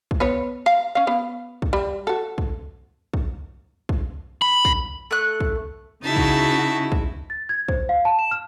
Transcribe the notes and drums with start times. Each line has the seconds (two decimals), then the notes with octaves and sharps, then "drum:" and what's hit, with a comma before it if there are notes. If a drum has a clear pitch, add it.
0.11 drum: kick
0.20 B3 B4 C#5
0.66 F5 A#5
0.95 C#4 F5
1.07 B3 F5
1.62 drum: kick
1.73 G3
2.07 F#4 A4
2.38 drum: kick
3.14 drum: kick
3.89 drum: kick
4.42 B5
4.65 drum: kick
5.11 A3 F#6
5.40 drum: kick
6.03 C#3 D#4 E4 F#4 E5 A5
6.16 drum: kick
6.92 drum: kick
7.30 A6
7.49 G#6
7.68 C5, drum: kick
7.89 F5
8.05 A5
8.19 E7
8.31 F6